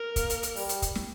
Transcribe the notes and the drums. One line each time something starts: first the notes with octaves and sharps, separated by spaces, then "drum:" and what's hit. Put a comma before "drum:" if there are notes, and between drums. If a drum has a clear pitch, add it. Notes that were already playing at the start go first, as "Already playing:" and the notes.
Already playing: A#4
A#3, drum: kick, hi-hat
drum: hi-hat
drum: hi-hat
G3, drum: open hi-hat
drum: hi-hat
drum: kick, hi-hat
drum: snare